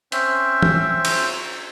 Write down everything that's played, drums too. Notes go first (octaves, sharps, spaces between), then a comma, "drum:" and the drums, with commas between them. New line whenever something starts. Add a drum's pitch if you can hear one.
C4 C#4 C5 E5, drum: hi-hat
drum: tom
drum: cymbal